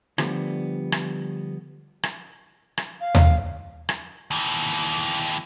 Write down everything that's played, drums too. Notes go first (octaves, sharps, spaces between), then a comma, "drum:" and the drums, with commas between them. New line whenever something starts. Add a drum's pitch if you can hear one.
D3 F3 G3 A3 B3, drum: rim click
drum: rim click
drum: rim click
drum: rim click
F5
drum: tom D#2
drum: rim click
D#2 E3